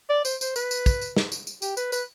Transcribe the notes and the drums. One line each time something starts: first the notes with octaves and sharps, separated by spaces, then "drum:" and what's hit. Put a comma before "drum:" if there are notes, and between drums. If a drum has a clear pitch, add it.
D5
C5, drum: tambourine
C5, drum: tambourine
B4, drum: tambourine
drum: tambourine
drum: kick, tambourine
drum: tambourine
drum: snare
drum: tambourine
drum: tambourine
G4, drum: tambourine
B4, drum: tambourine
B4, drum: tambourine